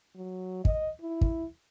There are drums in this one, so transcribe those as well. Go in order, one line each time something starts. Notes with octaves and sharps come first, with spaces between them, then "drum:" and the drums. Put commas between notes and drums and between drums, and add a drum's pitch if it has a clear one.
F#3
D#5, drum: kick
E4
drum: kick